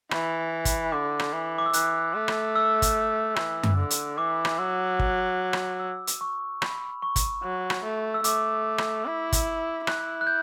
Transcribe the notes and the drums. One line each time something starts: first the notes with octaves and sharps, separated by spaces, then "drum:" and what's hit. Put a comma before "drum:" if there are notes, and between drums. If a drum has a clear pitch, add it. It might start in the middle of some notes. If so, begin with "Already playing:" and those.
E3 B5, drum: rim click
drum: kick, hi-hat
D3 D6
drum: rim click
E3
D6
E6
E3 F#6, drum: hi-hat
A3
drum: rim click
E6
drum: kick, hi-hat
E3, drum: rim click
drum: tom F#2
D3
drum: hi-hat
E3 D6
drum: rim click
F#3 E6
E6
F#6, drum: kick
drum: rim click
E6
drum: hi-hat
C#6
B5, drum: rim click
C#6
drum: kick, hi-hat
F#3
drum: rim click
A3
E6
A3 D6, drum: hi-hat
drum: rim click
E4
drum: kick, hi-hat
E4 F#6, drum: rim click
F#6
G6